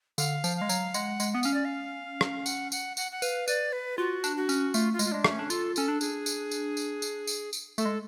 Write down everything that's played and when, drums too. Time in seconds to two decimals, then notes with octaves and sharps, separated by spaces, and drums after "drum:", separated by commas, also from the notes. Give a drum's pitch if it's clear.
0.18 D3 F5, drum: tambourine
0.44 F3, drum: tambourine
0.57 G#3 F5
0.69 F#3, drum: tambourine
0.94 G#3 F#5, drum: tambourine
1.20 G#3, drum: tambourine
1.32 B3 F#5
1.43 C#4 F5, drum: tambourine
1.54 D5
1.65 F5
2.21 drum: rim click
2.46 F#5, drum: tambourine
2.72 F#5, drum: tambourine
2.97 F#5, drum: tambourine
3.12 F#5
3.22 B4 F5, drum: tambourine
3.48 B4 D5, drum: tambourine
3.73 B4
3.98 F4 F#4
4.24 D4, drum: tambourine
4.36 F#4
4.49 C#4, drum: tambourine
4.74 A3 F4, drum: tambourine
4.93 F4
4.99 G#3, drum: tambourine
5.05 F4
5.12 G#3 D4
5.24 A3, drum: rim click
5.31 C#4
5.39 D4
5.50 F4 A4, drum: tambourine
5.76 C#4 A4, drum: tambourine
5.88 D4
6.01 G#4, drum: tambourine
6.26 drum: tambourine
6.51 drum: tambourine
6.77 drum: tambourine
7.02 drum: tambourine
7.27 drum: tambourine
7.53 drum: tambourine
7.78 A3 A4, drum: tambourine
7.85 G#3